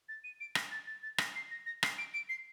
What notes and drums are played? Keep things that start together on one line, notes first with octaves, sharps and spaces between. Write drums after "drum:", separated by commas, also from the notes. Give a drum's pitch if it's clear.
A6
D#7
D7
A#6, drum: rim click
A6
A6
A6
A#6, drum: rim click
C7
A#6
A#6
C7, drum: rim click
D7
D7
C7